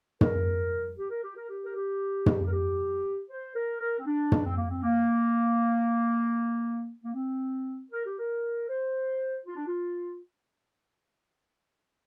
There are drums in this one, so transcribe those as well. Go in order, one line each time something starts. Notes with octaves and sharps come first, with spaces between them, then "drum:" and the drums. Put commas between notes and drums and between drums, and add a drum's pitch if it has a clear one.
A#4, drum: tom
G4
A#4
G4
A#4
G4
A#4
G4
drum: tom
A#4
G4
C5
A#4
A#4
C4
D4
drum: tom
C4
A#3
C4
A#3
A#3
C4
A#4
G4
A#4
C5
F4
D4
F4